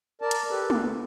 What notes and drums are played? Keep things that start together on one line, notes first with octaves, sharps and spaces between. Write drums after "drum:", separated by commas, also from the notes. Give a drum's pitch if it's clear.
A#4 D5 A5
drum: hi-hat
G4 A4 B4
D2, drum: tom